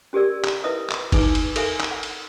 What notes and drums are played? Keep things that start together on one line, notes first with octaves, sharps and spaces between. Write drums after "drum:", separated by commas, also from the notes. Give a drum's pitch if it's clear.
C#4 G4 G#4 A#4 D5 E6
drum: clap
E4 A#4 B4 D#5 E5 D#6
drum: clap
D#4 E4 G#4 B4 G#5 D6, drum: kick G1, cymbal
drum: cymbal
A4 A#4 E5 F5 G#5, drum: cymbal
drum: clap
F#5
drum: cymbal